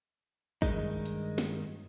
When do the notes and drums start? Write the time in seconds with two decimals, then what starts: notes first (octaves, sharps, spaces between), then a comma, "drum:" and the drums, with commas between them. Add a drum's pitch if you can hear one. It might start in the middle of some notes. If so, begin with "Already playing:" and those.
0.62 G2 D#3 G#3 D#4, drum: kick
1.06 drum: hi-hat
1.38 drum: snare